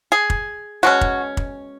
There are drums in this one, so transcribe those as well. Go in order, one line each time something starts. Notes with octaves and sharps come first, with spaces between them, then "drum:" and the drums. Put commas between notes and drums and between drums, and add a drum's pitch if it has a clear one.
G#4
drum: kick
B2 G#3 C#4 F#4
drum: kick
drum: kick